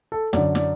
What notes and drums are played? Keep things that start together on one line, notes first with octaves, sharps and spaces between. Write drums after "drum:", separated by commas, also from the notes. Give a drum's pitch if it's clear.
A4
F#2 D3 D5, drum: snare
D5, drum: snare